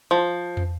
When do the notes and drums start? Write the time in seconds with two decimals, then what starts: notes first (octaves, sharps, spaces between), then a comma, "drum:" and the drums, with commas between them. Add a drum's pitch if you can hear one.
0.11 F3
0.57 drum: tom